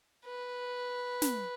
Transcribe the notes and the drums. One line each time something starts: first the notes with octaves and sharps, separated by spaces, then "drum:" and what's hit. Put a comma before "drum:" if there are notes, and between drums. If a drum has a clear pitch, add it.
B4
drum: snare